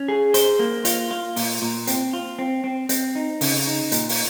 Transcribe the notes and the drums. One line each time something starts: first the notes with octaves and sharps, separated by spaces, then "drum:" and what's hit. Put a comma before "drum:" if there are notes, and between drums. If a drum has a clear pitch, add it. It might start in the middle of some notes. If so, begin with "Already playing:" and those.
Already playing: C#4
G#4
C5, drum: hi-hat
A#3
F4, drum: hi-hat
F4
A#2, drum: open hi-hat
A#2
C4, drum: hi-hat
F4
C4
C4
C4, drum: hi-hat
D#4
C#3, drum: open hi-hat
D#4
A#2, drum: hi-hat
drum: open hi-hat